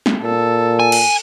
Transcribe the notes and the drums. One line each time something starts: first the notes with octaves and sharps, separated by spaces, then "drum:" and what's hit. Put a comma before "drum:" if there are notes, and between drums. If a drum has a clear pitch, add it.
drum: snare
A#2 A4
G#5
drum: cymbal